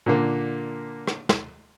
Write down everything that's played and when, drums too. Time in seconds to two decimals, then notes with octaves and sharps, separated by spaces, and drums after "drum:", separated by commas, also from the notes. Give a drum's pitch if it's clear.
0.06 A#2 D3 A#3
1.07 drum: rim click
1.29 drum: snare